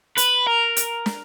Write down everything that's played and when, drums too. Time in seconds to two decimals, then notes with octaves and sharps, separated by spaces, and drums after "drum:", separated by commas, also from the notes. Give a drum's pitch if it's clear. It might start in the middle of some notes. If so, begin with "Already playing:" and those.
0.18 B4, drum: hi-hat
0.47 A#4
0.77 drum: hi-hat
1.06 drum: snare